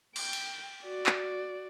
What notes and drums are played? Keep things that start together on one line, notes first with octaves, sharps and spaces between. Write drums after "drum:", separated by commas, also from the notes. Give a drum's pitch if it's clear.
G5, drum: cymbal
drum: cymbal
F#4 D5
drum: clap